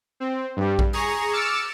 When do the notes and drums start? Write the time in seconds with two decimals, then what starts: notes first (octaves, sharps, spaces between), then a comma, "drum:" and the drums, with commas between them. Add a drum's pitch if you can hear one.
0.20 C4
0.56 G2 G3
0.79 drum: kick A#1
0.93 G#4 A#5 C#6, drum: open hi-hat
1.33 D6 E6 F6 A6 C#7 E7